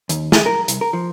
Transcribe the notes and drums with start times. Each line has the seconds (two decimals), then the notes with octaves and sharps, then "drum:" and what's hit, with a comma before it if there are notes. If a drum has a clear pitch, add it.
0.09 D#2, drum: hi-hat
0.32 G#4, drum: snare
0.46 A#4
0.68 C2, drum: hi-hat
0.81 A#4
0.93 F3